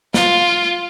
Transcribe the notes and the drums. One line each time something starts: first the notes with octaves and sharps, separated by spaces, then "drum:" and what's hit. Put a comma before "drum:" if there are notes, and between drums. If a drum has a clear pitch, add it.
F4, drum: snare